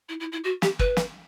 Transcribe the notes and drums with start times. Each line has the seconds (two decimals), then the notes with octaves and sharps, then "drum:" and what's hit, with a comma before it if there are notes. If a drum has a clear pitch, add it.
0.09 E4
0.20 E4
0.32 E4
0.44 F#4
0.62 G4, drum: snare
0.79 B4, drum: kick
0.97 drum: snare